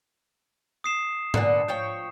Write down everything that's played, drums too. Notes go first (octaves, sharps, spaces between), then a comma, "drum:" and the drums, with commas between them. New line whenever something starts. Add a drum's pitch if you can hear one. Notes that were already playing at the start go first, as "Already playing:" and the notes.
D#6 C7 E7
A#2 D3 B3, drum: tom G#2
F3 C#5 G5